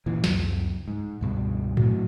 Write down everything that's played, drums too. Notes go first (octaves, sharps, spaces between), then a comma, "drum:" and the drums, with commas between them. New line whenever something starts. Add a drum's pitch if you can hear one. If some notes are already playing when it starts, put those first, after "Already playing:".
A#2 E3
C#2 F#2, drum: snare
G#2
C#2 G2 B2
A2 F#3, drum: tom A2